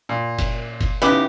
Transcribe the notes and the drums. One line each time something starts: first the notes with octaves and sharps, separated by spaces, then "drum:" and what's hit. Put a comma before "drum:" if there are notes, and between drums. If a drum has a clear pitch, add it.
A#2
drum: kick F#1, cymbal
drum: kick F#1, cymbal
C#3 B3 D#4 E4 G4